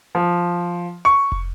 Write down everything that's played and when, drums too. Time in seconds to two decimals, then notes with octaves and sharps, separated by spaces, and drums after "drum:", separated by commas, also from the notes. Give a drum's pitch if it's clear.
0.15 F3
1.05 C#6
1.32 drum: kick